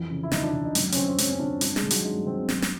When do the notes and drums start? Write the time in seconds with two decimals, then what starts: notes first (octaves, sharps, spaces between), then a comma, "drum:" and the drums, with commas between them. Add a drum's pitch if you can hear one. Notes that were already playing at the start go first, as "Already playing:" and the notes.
Already playing: F2 E3
0.11 C#3
0.23 E4
0.32 D#2 D#4, drum: snare
0.43 D4
0.53 D#2
0.64 D#4
0.75 F#2, drum: hi-hat
0.92 C#4, drum: hi-hat
0.96 D3 C4
1.09 C4
1.18 F#2 C#4, drum: hi-hat
1.30 C#4
1.39 D3 D4
1.61 G2 D4, drum: hi-hat
1.76 G#3, drum: snare
1.83 D#3
1.91 F#3, drum: hi-hat
2.05 G2 G#3
2.26 D#3 C4
2.49 F#2, drum: snare
2.62 drum: snare